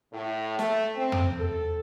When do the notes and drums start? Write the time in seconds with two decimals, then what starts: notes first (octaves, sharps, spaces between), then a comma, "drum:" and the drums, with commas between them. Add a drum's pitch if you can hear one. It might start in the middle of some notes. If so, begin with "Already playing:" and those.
0.13 A2
0.59 A3, drum: snare
0.96 C4
1.12 drum: tom
1.40 A4